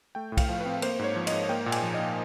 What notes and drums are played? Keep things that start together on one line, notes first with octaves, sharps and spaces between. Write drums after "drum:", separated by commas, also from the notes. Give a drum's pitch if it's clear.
A3 G5
A2
F5, drum: kick, cymbal
F3
B4
C4
A#3 C5, drum: cymbal
G#2 C#5
F3
D#5, drum: cymbal
G#2
A#3 G5
A#2
G#5, drum: cymbal
F3
A#2 D#5